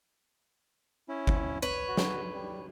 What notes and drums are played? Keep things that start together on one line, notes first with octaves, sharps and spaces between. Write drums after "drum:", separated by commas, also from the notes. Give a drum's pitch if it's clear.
C#4 E4
drum: kick G1
B4 C#5
F#4
drum: snare
G3